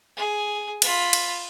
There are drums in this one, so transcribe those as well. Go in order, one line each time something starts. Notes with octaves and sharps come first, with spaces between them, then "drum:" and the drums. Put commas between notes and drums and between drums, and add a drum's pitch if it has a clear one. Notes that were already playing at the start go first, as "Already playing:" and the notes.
G#4
F4 B5, drum: cymbal
drum: cymbal